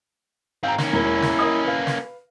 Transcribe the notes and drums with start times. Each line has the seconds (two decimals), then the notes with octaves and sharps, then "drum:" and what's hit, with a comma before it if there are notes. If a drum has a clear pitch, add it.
0.63 G#2 C4 F5 A#5
0.78 D#3 A#3 C#4, drum: snare
0.93 E1 E4 A#4 G7
1.22 drum: snare
1.39 A#4 D#5 D#6
1.65 B4 F5
1.87 drum: snare